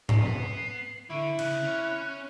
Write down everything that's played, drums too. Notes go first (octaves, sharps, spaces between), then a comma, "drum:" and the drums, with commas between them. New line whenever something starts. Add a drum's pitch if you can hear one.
B3 C7, drum: tom G#2
D3 E4 C#6
C#3 F#6, drum: cymbal
C#4 C#5